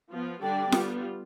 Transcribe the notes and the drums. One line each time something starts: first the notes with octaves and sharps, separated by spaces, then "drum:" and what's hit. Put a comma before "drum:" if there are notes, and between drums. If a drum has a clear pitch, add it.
F3 B3 F4
D3 G3 D4 A4 D5 G5
G3 B3 F4, drum: snare F4